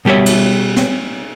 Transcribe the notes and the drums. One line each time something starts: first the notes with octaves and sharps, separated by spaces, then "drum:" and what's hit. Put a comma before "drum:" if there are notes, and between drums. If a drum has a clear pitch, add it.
B2 G3 G4 C#5 E5
drum: cymbal
drum: snare